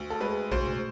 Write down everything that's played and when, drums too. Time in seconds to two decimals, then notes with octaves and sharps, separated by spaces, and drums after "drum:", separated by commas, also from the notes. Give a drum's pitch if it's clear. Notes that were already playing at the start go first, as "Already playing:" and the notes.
Already playing: D2
0.10 A4
0.20 G#3 B4
0.51 D2 C5, drum: kick A#1
0.66 drum: tom A#2